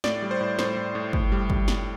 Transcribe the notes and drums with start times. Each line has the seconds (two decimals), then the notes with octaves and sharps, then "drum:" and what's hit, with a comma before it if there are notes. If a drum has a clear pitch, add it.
0.04 A2 D5, drum: snare
0.22 G3
0.31 C5
0.41 A2
0.59 A2 C5, drum: snare
0.77 A2
0.95 A2
1.13 A2, drum: kick
1.32 G3
1.50 G3, drum: kick
1.68 G3, drum: snare